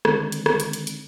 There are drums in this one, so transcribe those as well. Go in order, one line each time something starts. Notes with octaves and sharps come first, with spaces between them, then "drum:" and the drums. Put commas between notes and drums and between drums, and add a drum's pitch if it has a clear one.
D3 D#3 G#3 C4 D4 D#4, drum: rim click
drum: hi-hat
drum: rim click
drum: hi-hat
drum: hi-hat
drum: hi-hat